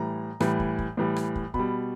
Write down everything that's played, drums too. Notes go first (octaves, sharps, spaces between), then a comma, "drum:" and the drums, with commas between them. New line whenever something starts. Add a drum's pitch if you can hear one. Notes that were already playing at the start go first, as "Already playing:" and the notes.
Already playing: A2 E3 G3 A#5
A2 E3 G3, drum: rim click
drum: kick
drum: kick
A2 E3 G3
drum: rim click
drum: kick
B2 B5, drum: kick
G3